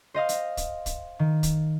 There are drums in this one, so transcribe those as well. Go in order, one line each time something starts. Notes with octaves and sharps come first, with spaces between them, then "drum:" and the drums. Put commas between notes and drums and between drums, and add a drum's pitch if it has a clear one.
C5 D#5 F5 D#6
drum: hi-hat
drum: kick, hi-hat
drum: kick, hi-hat
D#3
drum: kick, hi-hat